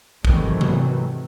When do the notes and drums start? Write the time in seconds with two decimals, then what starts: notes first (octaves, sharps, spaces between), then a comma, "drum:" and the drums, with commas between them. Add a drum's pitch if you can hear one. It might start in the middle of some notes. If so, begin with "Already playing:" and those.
0.25 G#2 C3 D#3 E3 F#3 A3, drum: kick
0.61 drum: tom C3